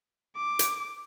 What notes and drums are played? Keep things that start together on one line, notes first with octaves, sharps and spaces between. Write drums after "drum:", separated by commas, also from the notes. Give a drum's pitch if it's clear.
D6
drum: hi-hat